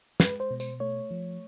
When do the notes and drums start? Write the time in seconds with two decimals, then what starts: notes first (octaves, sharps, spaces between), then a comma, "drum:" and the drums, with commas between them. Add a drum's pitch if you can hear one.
0.20 G#3 B4, drum: snare
0.40 C5
0.51 B2
0.60 C5, drum: tambourine
0.80 A3 C#5
1.11 F3